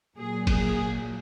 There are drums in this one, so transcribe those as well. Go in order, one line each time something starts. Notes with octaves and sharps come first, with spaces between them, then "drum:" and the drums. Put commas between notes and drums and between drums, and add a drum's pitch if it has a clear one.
A#2 F#3 G#4
G#4, drum: kick, cymbal